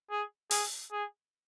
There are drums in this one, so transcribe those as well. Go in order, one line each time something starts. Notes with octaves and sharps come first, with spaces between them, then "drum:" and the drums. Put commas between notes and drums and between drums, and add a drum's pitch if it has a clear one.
G#4
G#4, drum: open hi-hat
G#4